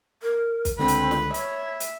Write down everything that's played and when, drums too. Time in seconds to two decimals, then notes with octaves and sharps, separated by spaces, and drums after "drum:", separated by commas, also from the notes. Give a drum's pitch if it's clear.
0.23 A#4
0.65 drum: kick, hi-hat
0.79 C#2 D3 G3 C4 B4
0.88 drum: hi-hat
1.11 drum: snare
1.34 C#5 E5 B5, drum: hi-hat
1.80 drum: hi-hat